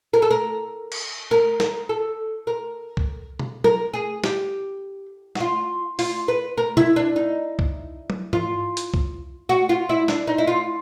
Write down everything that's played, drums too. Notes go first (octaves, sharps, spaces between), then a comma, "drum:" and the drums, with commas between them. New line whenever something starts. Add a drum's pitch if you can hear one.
A#4
A4
A#4
drum: cymbal
A#4
A#4, drum: snare
A4
A#4
drum: kick C2
drum: tom B2
A#4, drum: tom F#3
G#4
G4, drum: snare
F#4, drum: snare
F4
F4, drum: open hi-hat
B4
A#4
E4, drum: tom B2
D4
D#4
drum: kick C2
drum: tom F#3
F4, drum: tom
drum: hi-hat
drum: kick C2
F#4
F4
E4
D4, drum: snare
D#4
E4
F4